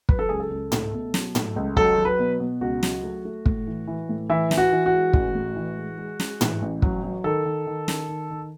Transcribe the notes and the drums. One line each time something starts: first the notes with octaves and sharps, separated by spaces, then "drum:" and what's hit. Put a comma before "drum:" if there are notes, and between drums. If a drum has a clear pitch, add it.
F#3 B4, drum: kick
A4
C#2 G#4
A4
C#2
A3, drum: tom
B2
F#3, drum: snare
A3, drum: tom
C#2
F#3 A4, drum: kick
F#3
B4
B2
B2
C#2 F#4
F#3, drum: snare
A3
A3
A2, drum: kick
E3
E3
A2
E3 E4
E3, drum: snare
F#4
E3
F#4
G#3
A1, drum: kick
A2
E3
G#3
G#3
G#3, drum: snare
E3, drum: tom
A1
F#3, drum: kick
F#3
D#3 A4
D#3
D#3
D#3, drum: snare
D#3
D#3